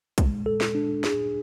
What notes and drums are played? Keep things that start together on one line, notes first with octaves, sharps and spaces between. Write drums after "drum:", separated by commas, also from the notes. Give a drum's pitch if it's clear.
G#3, drum: kick, hi-hat
A4
drum: snare
D4
G#4, drum: snare